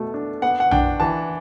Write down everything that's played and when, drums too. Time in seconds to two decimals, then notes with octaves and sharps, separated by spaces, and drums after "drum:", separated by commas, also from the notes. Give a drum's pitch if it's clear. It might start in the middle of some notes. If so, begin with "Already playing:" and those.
Already playing: B2 A3
0.14 D4
0.42 B3 F#5
0.60 F#5
0.71 D4 G5, drum: tom A#1
1.00 E3 A5